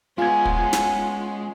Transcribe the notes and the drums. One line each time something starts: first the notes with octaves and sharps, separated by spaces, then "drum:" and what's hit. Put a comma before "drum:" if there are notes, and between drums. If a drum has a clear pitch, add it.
G#3 B3 C#4 F4 G#5 G#6
drum: kick
drum: snare